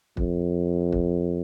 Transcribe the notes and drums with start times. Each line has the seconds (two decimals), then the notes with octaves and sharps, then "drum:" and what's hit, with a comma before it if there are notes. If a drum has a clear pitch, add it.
0.17 F2, drum: kick
0.92 drum: kick